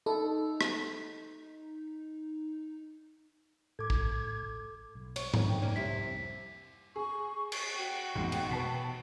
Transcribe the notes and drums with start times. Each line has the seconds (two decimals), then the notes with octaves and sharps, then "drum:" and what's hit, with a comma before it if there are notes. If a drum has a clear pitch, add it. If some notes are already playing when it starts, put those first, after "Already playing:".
0.06 D#4 A4
0.61 drum: rim click
3.79 A2 A4 D6 G#6
3.90 drum: kick A1
4.95 B1
5.16 C#5 C#6, drum: cymbal
5.34 D#3, drum: tom G#2
5.45 D#4 G5
5.62 C2 F2 A#3 C#4 D4
5.76 C3 G3 E4 B6
6.96 G#4 C#6
7.52 drum: cymbal
7.76 F#4 G5
8.15 A1 F2 G#2 B2
8.32 drum: cymbal
8.51 B2 B4 A5 C#6